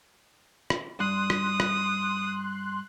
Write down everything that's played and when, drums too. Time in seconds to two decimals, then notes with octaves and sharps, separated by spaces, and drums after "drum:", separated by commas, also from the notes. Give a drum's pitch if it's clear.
0.70 drum: rim click
1.00 G2 C6 D#6 F#6
1.30 drum: rim click
1.60 drum: rim click